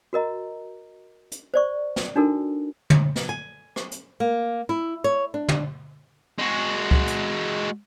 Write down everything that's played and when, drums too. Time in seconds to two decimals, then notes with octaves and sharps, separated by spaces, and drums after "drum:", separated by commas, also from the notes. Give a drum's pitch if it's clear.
0.13 F#4 A#4 D#5 A#5
1.31 drum: hi-hat
1.54 C5 D5 C#6
1.96 drum: snare
2.16 D4 D#4 F#4 A4 A#4
2.90 drum: tom
3.16 drum: snare
3.29 G#5
3.76 drum: rim click
3.91 drum: hi-hat
4.20 A#3
4.69 E4
5.04 C#5
5.34 D4
5.48 drum: tom
6.38 G#3 F#4
6.91 drum: kick C#2
7.07 drum: hi-hat